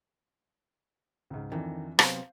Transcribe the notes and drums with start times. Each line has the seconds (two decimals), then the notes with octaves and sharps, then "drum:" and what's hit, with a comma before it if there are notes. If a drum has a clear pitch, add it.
1.30 C#2 G#2
1.52 F2 D#3 E3 D4
1.99 C3 F#3 B3 C5 F5, drum: rim click